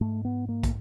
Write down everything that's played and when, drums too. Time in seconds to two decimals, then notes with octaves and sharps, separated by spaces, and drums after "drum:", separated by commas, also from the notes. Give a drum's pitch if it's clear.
0.01 G#2 A3
0.25 B3
0.49 A#3
0.63 drum: kick, hi-hat